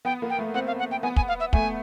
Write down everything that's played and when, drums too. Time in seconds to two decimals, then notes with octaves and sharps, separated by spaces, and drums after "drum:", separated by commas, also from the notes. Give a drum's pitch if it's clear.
0.05 B3 G5
0.22 A#3
0.30 G5
0.39 A3
0.54 C4 F#5
0.67 F5
0.79 F#5
0.91 G5
1.03 B3 G#5
1.16 G#5, drum: kick
1.28 F5
1.40 E5
1.53 A3 G#5, drum: kick